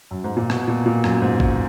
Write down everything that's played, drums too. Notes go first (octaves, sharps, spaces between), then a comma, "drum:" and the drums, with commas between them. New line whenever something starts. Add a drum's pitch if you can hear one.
F#2
G#2
A#2
B2, drum: rim click
A#2
A#2
F#2, drum: rim click
G#2
drum: kick G#1